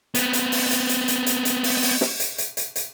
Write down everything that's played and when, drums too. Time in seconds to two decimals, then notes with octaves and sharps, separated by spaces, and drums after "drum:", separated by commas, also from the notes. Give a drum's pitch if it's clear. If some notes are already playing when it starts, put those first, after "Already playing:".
0.15 B3 C4, drum: hi-hat
0.33 drum: hi-hat
0.52 drum: open hi-hat
0.71 drum: hi-hat
0.89 drum: hi-hat
1.08 drum: hi-hat
1.26 drum: hi-hat
1.45 drum: hi-hat
1.64 drum: open hi-hat
1.82 drum: open hi-hat
2.01 drum: snare
2.20 drum: hi-hat
2.38 drum: hi-hat
2.57 drum: hi-hat
2.76 drum: hi-hat